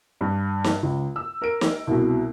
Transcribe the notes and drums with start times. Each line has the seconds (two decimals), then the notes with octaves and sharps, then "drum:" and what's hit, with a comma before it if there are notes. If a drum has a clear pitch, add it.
0.21 G2
0.64 drum: snare
0.83 C#2
1.16 E6
1.42 A#4 D7
1.61 drum: snare
1.87 C2 B2